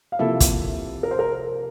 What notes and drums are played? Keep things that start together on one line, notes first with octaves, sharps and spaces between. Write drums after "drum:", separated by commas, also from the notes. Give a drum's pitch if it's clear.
F5
C3 F3 A#3 E4 A4 E5
drum: kick, hi-hat
A#4
C5
A#4